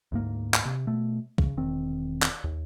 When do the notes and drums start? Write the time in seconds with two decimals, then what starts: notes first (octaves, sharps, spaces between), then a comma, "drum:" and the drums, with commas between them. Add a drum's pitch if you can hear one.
0.12 D2 G#2 A#3
0.54 drum: clap
0.65 C3
0.87 B2 A3
1.38 C#3, drum: kick
1.57 E1 D#3 C4
2.22 drum: clap
2.44 D#2